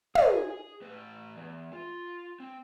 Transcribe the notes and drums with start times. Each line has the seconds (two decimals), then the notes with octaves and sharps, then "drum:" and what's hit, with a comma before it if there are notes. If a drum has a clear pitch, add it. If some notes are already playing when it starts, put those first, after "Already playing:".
0.15 G#4 G#5, drum: tom
0.49 G#4
0.82 A2 B4
1.37 E2
1.73 F4
2.40 C4